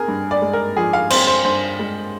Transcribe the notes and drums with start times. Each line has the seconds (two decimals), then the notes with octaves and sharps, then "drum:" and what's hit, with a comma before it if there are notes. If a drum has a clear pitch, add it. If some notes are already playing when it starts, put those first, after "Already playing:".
Already playing: C4 G#4 A#4
0.08 G2
0.31 D5
0.42 G#3
0.53 A#4
0.77 F3 G#4
0.93 F5
1.10 C4 C5, drum: cymbal
1.27 C5
1.44 G2 C5
1.79 G#3